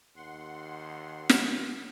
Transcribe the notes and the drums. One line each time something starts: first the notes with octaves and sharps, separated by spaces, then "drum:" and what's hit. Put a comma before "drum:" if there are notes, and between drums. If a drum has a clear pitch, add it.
D#2 F#5 C6
drum: snare